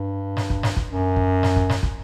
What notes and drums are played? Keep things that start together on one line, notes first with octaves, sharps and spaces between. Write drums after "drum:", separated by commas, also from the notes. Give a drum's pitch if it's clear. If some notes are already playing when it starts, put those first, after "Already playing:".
Already playing: G2
drum: snare
drum: kick
drum: snare
drum: kick
F#2
drum: kick
drum: snare
drum: kick
drum: snare
drum: kick